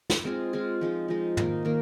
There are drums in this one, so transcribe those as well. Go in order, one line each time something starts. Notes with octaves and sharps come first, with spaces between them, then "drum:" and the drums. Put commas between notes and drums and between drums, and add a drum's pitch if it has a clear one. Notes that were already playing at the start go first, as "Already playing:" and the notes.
drum: snare
G#3 C4 F4 G#4
G#3 C4 F4 G#4
F3 G#3 D#4
F3 G#3 D#4
D#3 A#3 D#4, drum: tom
D#3 A#3